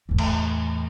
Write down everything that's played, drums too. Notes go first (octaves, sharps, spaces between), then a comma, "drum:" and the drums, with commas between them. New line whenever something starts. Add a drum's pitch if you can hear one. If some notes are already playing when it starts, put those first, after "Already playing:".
E2 A2
drum: cymbal